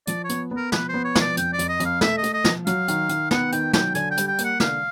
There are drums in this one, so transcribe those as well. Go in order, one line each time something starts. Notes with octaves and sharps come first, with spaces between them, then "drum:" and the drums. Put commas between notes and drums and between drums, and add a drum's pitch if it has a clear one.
F3 D5, drum: hi-hat
C#5
B3, drum: hi-hat
B3
A#4
F3 B4, drum: snare
B3 C5
C#5
F3, drum: snare
D5
F2 G5, drum: hi-hat
D5
F2, drum: hi-hat
D#5
F2, drum: hi-hat
F5
A3 E5, drum: snare
D#5
A3, drum: hi-hat
D#5
F3, drum: snare
F#3 F5, drum: hi-hat
D#3, drum: hi-hat
D#3, drum: hi-hat
B3 F#5, drum: snare
D#3 G5, drum: hi-hat
F#3 G5, drum: snare
D3 G#5, drum: hi-hat
G5
G3, drum: hi-hat
G5
A#3, drum: hi-hat
F#5
D3 F5, drum: snare